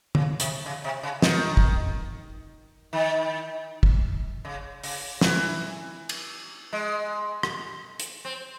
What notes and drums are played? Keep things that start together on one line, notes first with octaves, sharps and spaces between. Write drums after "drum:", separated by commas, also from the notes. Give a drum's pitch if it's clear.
C#3, drum: tom
C3, drum: hi-hat
C#3
C3
C#3
D#3, drum: snare
drum: kick
D#3
drum: kick
C#3
C#3, drum: open hi-hat
E3, drum: snare
drum: cymbal
G#3
drum: rim click
drum: hi-hat
C4